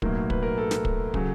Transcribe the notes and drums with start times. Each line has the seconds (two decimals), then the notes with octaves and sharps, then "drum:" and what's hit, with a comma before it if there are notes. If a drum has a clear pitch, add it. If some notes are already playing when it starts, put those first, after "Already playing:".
0.02 B1 A2 F#3 A#3 A#4, drum: kick
0.30 B4, drum: kick
0.43 A#4
0.58 A4
0.71 drum: snare
0.85 drum: kick
1.14 C#3 F#3, drum: kick